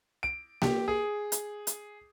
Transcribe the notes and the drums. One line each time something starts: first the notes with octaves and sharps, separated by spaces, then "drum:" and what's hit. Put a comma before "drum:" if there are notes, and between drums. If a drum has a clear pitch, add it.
D7
G4, drum: snare A#3
G#4
drum: hi-hat
drum: hi-hat